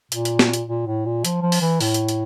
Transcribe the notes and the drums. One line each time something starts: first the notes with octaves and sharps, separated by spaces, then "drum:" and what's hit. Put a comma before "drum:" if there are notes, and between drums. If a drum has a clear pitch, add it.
A#2, drum: hi-hat
drum: hi-hat
drum: snare
drum: hi-hat
A#2
A2
A#2
F3, drum: hi-hat
F3
drum: open hi-hat
E3
A2, drum: open hi-hat
drum: hi-hat
drum: hi-hat